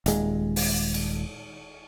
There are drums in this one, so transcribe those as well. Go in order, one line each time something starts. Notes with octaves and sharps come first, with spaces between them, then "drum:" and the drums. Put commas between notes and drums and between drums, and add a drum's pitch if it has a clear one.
D#1 G#3, drum: hi-hat
drum: open hi-hat
drum: cymbal